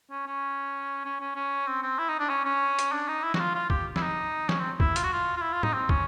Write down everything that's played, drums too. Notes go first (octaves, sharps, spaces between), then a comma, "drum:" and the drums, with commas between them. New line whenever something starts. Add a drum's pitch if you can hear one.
C#4
C#4
C#4
C#4
C#4
C4
C4
E4
D#4
D4
C#4
C#4
drum: hi-hat
D4
D#4
E4
F#4, drum: snare
F4
F4
G4, drum: kick
E4, drum: snare
D#4
C#4, drum: snare
C4
E4, drum: kick
F4, drum: hi-hat
F#4
F4
F4
E4
F4
D#4, drum: tom A2
C4
C#4, drum: kick